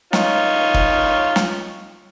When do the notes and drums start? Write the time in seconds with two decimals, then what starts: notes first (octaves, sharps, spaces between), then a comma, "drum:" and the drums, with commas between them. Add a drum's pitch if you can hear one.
0.13 D#4 F4 C#5, drum: snare
0.74 drum: kick
1.36 drum: snare